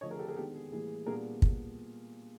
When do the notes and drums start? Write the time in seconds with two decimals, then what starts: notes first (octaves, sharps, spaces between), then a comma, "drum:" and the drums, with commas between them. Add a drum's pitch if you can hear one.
0.01 D3 F3 A3 D4 C#5 D#5
0.10 G#4 A#4
0.19 G4 A4
0.28 G#4 A#4
0.36 D#3 G#3 B3 D4 G4 A4
0.55 G#4
0.72 A2 E3 G3 A#3 G#4
1.06 A#2 G3 B3 D4 G#4 A#4
1.42 drum: kick